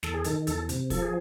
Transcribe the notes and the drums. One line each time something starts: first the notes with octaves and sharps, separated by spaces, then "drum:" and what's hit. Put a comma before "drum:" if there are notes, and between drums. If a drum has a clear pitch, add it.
E2 A4, drum: snare
G#4
D#3 A4, drum: hi-hat
E2 A4, drum: hi-hat
C3, drum: hi-hat
F3 A4, drum: kick, open hi-hat
G#4